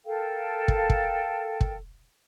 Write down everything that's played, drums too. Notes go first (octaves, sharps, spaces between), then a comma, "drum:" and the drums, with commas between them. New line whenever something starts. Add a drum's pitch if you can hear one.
A4 A#4 F5 G5
drum: kick
drum: kick
drum: kick